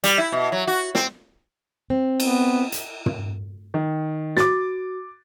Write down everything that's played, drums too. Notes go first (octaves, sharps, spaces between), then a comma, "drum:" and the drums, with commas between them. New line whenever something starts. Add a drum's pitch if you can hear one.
G3, drum: hi-hat
E4
B2
F#3
F#4
C4, drum: snare
C4
B3, drum: cymbal
drum: hi-hat
drum: tom
D#3
F#4 D6 A6, drum: snare